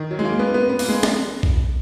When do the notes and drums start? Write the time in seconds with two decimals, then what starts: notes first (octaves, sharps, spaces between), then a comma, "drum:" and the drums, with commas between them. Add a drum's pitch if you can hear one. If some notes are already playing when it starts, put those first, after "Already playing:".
Already playing: D#3
0.11 F#3
0.19 G#3
0.25 A#3
0.39 B3
0.54 B3
0.69 B3
0.79 A#3, drum: open hi-hat
0.88 G#3
1.03 drum: snare
1.43 drum: kick